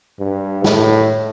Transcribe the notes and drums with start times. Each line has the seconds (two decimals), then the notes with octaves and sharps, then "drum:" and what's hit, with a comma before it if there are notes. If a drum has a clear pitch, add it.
0.20 G2
0.64 A2, drum: snare